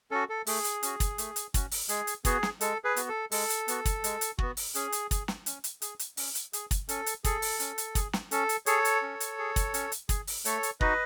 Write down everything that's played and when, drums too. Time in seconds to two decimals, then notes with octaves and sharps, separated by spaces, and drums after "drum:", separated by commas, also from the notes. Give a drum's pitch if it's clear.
0.11 C#4 F#4 A4
0.29 A4
0.47 A3 G#4, drum: open hi-hat
0.64 drum: hi-hat
0.83 C#4 F#4, drum: hi-hat
1.00 drum: kick, hi-hat
1.18 A3, drum: hi-hat
1.36 drum: hi-hat
1.54 C#4 F#4, drum: kick, hi-hat
1.71 drum: open hi-hat
1.89 G#3 G#4, drum: hi-hat
2.07 drum: hi-hat
2.25 B3 F#4 G#4, drum: kick, hi-hat
2.43 drum: snare
2.61 G#3 A4, drum: hi-hat
2.84 G#4 B4
2.96 B3 F#4, drum: hi-hat
3.09 A4
3.32 G#3 A4, drum: open hi-hat
3.50 drum: hi-hat
3.68 B3 F#4, drum: hi-hat
3.85 drum: kick, hi-hat
4.04 G#3, drum: hi-hat
4.21 drum: hi-hat
4.38 B3 F#4, drum: kick
4.57 drum: open hi-hat
4.75 C#4 G#4, drum: hi-hat
4.92 drum: hi-hat
5.11 G#4, drum: kick, hi-hat
5.28 drum: snare
5.46 C#4, drum: hi-hat
5.64 drum: hi-hat
5.82 G#4, drum: hi-hat
5.99 drum: hi-hat
6.17 C#4, drum: open hi-hat
6.35 drum: hi-hat
6.53 G#4, drum: hi-hat
6.71 drum: kick, hi-hat
6.89 C#4 A4, drum: hi-hat
7.06 drum: hi-hat
7.24 G#4 A4, drum: kick, hi-hat
7.42 drum: open hi-hat
7.60 C#4, drum: hi-hat
7.78 drum: hi-hat
7.95 G#4, drum: kick, hi-hat
8.13 drum: snare
8.31 C#4 A4, drum: hi-hat
8.49 drum: hi-hat
8.66 G#4 A4 C#5, drum: hi-hat
8.85 drum: hi-hat
9.02 C#4
9.20 drum: hi-hat
9.39 G#4
9.56 drum: kick, hi-hat
9.74 C#4, drum: hi-hat
9.92 drum: hi-hat
10.09 G#4, drum: kick, hi-hat
10.27 drum: open hi-hat
10.45 A3 A4 C#5, drum: hi-hat
10.63 drum: hi-hat
10.81 D#4 F#4 B4 D#5, drum: kick